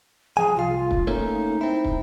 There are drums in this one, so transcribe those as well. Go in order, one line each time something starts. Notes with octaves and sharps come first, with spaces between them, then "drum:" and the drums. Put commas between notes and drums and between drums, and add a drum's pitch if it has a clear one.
F3 G#4 G#5
C2 F4 F5
drum: kick
A3 A#3 C#4 D#4
C4 E4
drum: kick